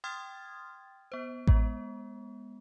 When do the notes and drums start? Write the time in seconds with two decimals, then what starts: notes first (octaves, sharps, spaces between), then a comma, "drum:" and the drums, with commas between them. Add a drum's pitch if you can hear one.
0.04 G5 C6 D#6 F6 G#6 A6
1.12 B3 C5
1.47 G#3 B3, drum: kick A1